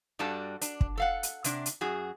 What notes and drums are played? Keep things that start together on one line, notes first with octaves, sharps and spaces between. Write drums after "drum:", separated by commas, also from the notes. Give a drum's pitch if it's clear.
G2 G3 D4 F#4 A4 A5
D4, drum: hi-hat
drum: kick
A4 F5 F#5
drum: hi-hat
C3 D4, drum: hi-hat
drum: hi-hat
F#2 F#4 G#4